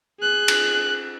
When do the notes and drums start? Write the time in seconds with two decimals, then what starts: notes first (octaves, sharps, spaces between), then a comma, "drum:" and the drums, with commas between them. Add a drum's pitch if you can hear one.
0.21 G#4 F#6
0.48 drum: cymbal